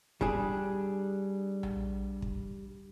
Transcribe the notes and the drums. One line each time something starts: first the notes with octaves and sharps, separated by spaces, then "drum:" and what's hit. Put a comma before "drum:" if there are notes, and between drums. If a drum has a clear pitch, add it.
G3 D4 G#4, drum: kick
drum: tom A#1
drum: kick